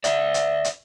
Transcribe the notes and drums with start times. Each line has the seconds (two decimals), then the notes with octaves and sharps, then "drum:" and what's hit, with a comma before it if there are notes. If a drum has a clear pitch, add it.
0.04 D5 E5, drum: hi-hat
0.34 drum: hi-hat
0.64 drum: hi-hat